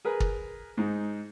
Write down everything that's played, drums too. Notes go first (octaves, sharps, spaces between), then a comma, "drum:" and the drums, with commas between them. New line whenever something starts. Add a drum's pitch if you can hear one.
G#4 A#4 B4
drum: kick
G#2 D#4